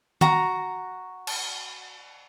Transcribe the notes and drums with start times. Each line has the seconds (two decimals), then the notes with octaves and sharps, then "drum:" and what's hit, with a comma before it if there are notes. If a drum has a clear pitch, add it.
0.21 F#4 A#5, drum: tom D#3
1.27 drum: cymbal